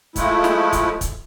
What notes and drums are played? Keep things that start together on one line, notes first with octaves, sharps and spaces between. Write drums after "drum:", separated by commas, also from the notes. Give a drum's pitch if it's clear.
F3 G#3 A3 E4, drum: kick, hi-hat
drum: snare
drum: kick, hi-hat
drum: kick, hi-hat